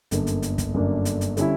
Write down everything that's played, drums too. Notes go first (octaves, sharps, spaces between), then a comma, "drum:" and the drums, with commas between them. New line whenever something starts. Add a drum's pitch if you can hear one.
G1 F#2 D3 A#3 D4, drum: hi-hat
drum: hi-hat
drum: hi-hat
drum: kick, hi-hat
G1 F#2 D3 A#3 D4
drum: hi-hat
drum: hi-hat
D3 G3 C#4 E4, drum: hi-hat